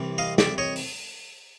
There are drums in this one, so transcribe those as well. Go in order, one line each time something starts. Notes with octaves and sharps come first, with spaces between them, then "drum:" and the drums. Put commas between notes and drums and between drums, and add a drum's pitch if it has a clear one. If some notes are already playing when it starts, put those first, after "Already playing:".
Already playing: C2 C3 E3
D#5 F5
D5 E5, drum: snare
C#5 D#5
drum: open hi-hat